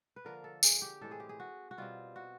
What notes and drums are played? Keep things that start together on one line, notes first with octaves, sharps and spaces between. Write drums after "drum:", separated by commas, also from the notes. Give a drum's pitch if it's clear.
B4
D3 F3 A#3 A#4
A4
G#4, drum: tambourine
G4
A2 E3 G#3 C4 A4
G#4
G4
G#4
F#4
F#4
B2 G3 C4 F4
F#4